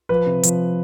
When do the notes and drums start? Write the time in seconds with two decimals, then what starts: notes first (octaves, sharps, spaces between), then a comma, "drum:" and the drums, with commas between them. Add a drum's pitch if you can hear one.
0.09 F3 B4
0.26 C3
0.43 F3, drum: hi-hat